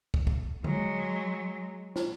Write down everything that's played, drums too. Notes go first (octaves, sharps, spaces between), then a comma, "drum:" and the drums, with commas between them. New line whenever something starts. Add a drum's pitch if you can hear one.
drum: kick
drum: kick
F#3 G#3, drum: tom D3
drum: snare